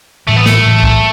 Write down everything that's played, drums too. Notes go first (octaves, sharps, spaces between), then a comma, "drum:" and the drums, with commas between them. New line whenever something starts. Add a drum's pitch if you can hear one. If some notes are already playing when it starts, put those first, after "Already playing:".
A1 A2 E3 G3 A3
B3
A3, drum: snare
A1 A2 E3 G3
drum: kick